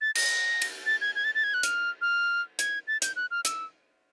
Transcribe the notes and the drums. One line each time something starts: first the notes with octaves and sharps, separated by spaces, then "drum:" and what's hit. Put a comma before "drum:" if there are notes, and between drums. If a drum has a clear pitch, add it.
A6
A#6, drum: cymbal
drum: cymbal
A6
G#6
G#6
A6
A6
G#6
F#6
F6, drum: hi-hat
F6
G#6, drum: hi-hat
A6
G6, drum: hi-hat
F#6
F6
E6, drum: hi-hat